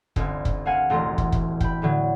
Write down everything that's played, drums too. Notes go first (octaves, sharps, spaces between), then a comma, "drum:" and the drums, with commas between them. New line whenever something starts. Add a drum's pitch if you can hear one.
G1 C2, drum: kick
drum: kick
A#3 F5 F#5 G#5
E1 A1 A3 A#5 C6
drum: kick
drum: kick
G5 B5, drum: kick
A2 D3 F#3